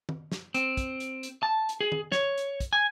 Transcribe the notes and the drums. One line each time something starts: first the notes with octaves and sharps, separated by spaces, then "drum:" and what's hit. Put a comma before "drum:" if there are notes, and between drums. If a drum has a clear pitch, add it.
drum: tom
drum: snare
C4, drum: hi-hat
drum: kick, hi-hat
drum: hi-hat
drum: hi-hat
A5
drum: hi-hat
G#4
drum: tom
C#5, drum: snare
drum: hi-hat
drum: kick, hi-hat
G#5